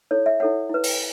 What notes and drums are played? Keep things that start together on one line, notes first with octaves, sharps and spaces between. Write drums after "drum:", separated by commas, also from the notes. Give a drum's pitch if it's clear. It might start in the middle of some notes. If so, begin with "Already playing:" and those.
E4 A4 C#5
E5
E4 A4 C#5 F#5
E4 B4
drum: open hi-hat